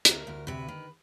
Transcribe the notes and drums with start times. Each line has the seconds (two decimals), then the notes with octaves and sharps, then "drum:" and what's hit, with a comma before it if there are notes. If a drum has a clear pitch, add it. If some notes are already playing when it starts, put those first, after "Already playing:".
0.05 D2 A#4, drum: hi-hat
0.27 D2
0.47 C3 B4
0.68 D#3